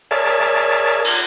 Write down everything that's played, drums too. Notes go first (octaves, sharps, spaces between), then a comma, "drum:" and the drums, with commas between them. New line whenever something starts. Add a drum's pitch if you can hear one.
G#4 A#4 C#5 D5 E5 A5
drum: cymbal